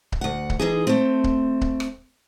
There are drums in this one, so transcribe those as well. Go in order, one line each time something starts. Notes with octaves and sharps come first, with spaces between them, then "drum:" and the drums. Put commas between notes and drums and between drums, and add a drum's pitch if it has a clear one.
drum: kick C#1
D2 F#5
drum: kick C#1
E3 D#4 G#4
A3 C4
drum: kick C#1
drum: kick C#1
drum: rim click